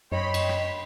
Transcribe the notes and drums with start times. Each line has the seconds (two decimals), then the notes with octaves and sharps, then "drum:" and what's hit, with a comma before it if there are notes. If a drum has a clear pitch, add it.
0.12 F#2 C#5 D#5 G5 B5 C6
0.34 drum: cymbal
0.49 drum: rim click